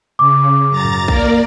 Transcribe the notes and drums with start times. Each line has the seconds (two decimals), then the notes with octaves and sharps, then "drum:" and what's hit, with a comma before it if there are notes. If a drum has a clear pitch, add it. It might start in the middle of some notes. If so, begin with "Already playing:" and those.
0.19 C#3 D6
0.70 F#2 A#5 A6
0.85 drum: tom G#2
1.08 A#3 A#4 D5, drum: kick